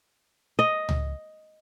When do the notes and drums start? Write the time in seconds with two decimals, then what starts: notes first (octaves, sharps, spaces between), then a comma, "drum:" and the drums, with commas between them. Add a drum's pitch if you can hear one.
0.59 D#5
0.89 drum: tom C#2